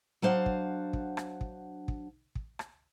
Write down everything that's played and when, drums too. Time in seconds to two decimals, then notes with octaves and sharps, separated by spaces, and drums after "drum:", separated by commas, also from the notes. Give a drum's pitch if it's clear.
0.22 F#3 D4 C5 F5 F#5
0.46 drum: kick
0.93 drum: kick
1.17 drum: rim click
1.41 drum: kick
1.88 drum: kick
2.35 drum: kick
2.59 drum: rim click